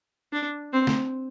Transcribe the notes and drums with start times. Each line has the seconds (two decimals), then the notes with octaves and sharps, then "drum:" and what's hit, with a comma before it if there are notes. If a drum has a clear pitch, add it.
0.33 D4
0.73 C4
0.87 drum: snare